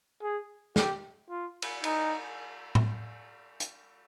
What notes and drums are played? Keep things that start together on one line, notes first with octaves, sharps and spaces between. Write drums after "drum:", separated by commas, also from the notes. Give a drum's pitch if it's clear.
G#4
G4, drum: snare
F4
drum: cymbal
D#4, drum: cymbal
drum: tom A2
drum: hi-hat